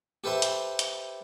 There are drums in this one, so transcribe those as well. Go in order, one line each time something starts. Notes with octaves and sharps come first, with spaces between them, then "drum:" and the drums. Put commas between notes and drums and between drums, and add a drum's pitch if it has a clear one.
G4 A4 B4 C5 E5 A5
drum: hi-hat
drum: hi-hat